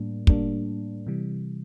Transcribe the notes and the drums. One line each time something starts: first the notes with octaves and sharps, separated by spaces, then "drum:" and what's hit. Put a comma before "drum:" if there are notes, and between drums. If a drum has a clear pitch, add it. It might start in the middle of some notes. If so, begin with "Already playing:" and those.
Already playing: A2 G3 A#3 D4
A2 G3 A#3 D4, drum: kick
C3 E3 G3